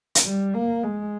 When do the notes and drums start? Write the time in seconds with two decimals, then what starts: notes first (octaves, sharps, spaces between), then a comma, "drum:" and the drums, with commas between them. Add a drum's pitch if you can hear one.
0.15 drum: hi-hat
0.25 G3
0.54 A#3
0.84 G#3